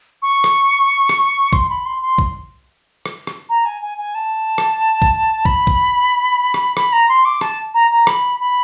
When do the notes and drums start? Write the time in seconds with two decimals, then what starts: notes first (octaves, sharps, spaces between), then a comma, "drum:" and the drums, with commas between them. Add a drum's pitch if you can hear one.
0.22 C#6
0.44 drum: rim click
1.09 drum: rim click
1.53 C6, drum: kick
1.70 B5
1.86 C6
2.02 C6
2.18 drum: kick
3.06 drum: rim click
3.27 drum: rim click
3.49 A#5
3.65 G#5
3.82 G#5
3.98 G#5
4.15 A5
4.58 drum: rim click
5.02 drum: kick
5.45 B5, drum: kick
5.67 drum: kick
6.54 drum: rim click
6.77 B5, drum: rim click
6.93 A#5
7.09 C6
7.25 D6
7.41 A5, drum: rim click
7.74 A#5
7.91 A#5
8.07 B5, drum: rim click
8.40 B5